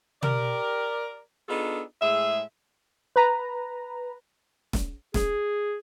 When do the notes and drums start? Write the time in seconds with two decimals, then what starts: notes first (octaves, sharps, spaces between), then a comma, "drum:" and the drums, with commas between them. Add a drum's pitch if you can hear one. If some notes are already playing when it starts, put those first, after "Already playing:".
0.22 G4 A#4 D5, drum: tom
1.49 B3 D4 D#4 F4 G#4 A4
2.01 A2 G#3 G#4 E5
3.16 B4 A#5
4.73 drum: snare
5.14 G#4, drum: snare